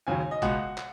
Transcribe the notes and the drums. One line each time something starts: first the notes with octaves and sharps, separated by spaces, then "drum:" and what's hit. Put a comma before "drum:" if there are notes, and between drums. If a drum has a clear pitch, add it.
D#2 C#3 F#3 G#5
D#5
C#2 B2 G#3 F#5, drum: kick G#1, hi-hat
drum: clap